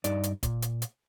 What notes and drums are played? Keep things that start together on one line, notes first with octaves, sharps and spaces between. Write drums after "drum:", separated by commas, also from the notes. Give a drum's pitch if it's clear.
G2 D#4 D5, drum: hi-hat
drum: hi-hat
A#2, drum: kick, hi-hat
drum: hi-hat
drum: hi-hat